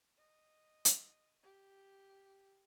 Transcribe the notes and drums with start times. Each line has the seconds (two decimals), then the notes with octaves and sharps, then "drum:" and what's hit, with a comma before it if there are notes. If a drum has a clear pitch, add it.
0.18 D#5
0.85 drum: hi-hat
1.43 G4